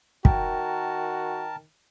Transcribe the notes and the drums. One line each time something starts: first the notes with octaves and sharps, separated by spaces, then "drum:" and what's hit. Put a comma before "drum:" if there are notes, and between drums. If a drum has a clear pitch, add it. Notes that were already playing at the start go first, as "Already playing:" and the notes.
D#3 F#4 A#4 G5 A5, drum: kick